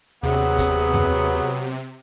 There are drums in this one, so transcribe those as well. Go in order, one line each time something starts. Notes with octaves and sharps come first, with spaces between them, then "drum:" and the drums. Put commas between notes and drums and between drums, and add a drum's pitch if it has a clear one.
D#2 C3 F#3 B3 D4 G#4
drum: kick, hi-hat
drum: tom F2